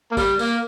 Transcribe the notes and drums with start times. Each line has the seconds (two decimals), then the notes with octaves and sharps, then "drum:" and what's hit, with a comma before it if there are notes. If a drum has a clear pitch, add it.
0.11 A#3
0.17 G3, drum: kick, tambourine
0.39 A#3, drum: tambourine